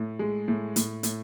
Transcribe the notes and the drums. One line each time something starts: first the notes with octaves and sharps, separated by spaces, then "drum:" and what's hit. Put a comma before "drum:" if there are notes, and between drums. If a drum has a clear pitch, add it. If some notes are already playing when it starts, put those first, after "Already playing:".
Already playing: A2
G#3
A2
A2, drum: hi-hat
A2, drum: hi-hat